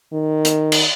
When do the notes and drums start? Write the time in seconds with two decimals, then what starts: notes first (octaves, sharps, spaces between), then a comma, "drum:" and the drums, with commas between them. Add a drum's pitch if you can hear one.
0.13 D#3
0.45 drum: hi-hat
0.72 drum: cymbal